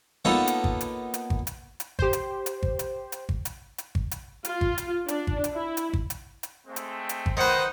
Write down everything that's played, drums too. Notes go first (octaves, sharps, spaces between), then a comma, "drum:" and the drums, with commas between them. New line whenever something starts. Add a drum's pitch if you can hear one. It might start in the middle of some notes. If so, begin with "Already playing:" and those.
A#3 B3 D#4 F4 A4 C#5
drum: hi-hat
drum: kick G#1
drum: hi-hat
drum: hi-hat
drum: kick G#1
drum: hi-hat
drum: hi-hat
G4 C5, drum: kick G#1
drum: hi-hat
drum: hi-hat
drum: kick G#1
drum: hi-hat
drum: hi-hat
drum: kick G#1
drum: hi-hat
drum: hi-hat
drum: kick G#1
drum: hi-hat
F4, drum: hi-hat
drum: kick G#1
drum: hi-hat
D4, drum: hi-hat
drum: kick G#1
drum: hi-hat
E4
drum: hi-hat
drum: kick G#1
drum: hi-hat
drum: hi-hat
G#3 A3 C4
drum: hi-hat
drum: hi-hat
drum: kick G#1
D#3 D#4 B4 C5 F#5